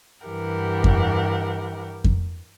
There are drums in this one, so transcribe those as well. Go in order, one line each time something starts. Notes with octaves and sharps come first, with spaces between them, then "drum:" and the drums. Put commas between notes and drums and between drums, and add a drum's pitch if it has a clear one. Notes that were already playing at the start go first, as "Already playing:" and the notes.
G2 E3 G4 A#4 F#5
drum: kick F2
drum: kick F2